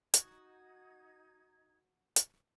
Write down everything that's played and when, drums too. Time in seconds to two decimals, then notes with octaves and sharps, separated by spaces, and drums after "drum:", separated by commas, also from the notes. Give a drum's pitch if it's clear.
0.14 D#4 F#4 G#6, drum: hi-hat
2.16 drum: hi-hat